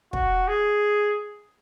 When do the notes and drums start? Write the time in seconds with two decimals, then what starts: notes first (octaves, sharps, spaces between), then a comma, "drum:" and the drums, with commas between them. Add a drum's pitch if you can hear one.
0.13 F#4, drum: kick
0.48 G#4